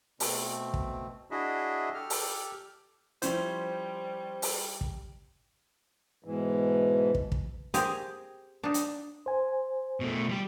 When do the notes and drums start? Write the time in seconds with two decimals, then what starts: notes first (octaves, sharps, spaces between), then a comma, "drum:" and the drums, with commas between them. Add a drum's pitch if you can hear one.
0.20 B2 A3 C4, drum: open hi-hat
0.74 drum: kick
1.31 D4 E4 F#4 G#4 D#5 E5
1.94 G4 A4 F6
2.10 drum: open hi-hat
3.22 F3 G3 C#4 E4 C5, drum: hi-hat
4.42 drum: open hi-hat
4.81 drum: kick
6.24 G#2 B2 E3
7.15 drum: kick
7.32 drum: kick
7.74 C4 G4 G#4 A#4, drum: hi-hat
8.64 D4 D#4
8.74 drum: hi-hat
9.26 C5 G#5
10.00 B2 A3
10.29 G3 G4